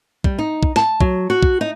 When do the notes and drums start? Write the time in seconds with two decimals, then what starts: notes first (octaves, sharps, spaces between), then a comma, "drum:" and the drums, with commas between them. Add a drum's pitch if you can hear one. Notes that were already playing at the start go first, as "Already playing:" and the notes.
0.24 G3, drum: kick
0.39 D#4
0.63 drum: kick
0.76 A5, drum: snare
1.01 F#3, drum: kick
1.30 F#4
1.43 drum: kick
1.61 D#4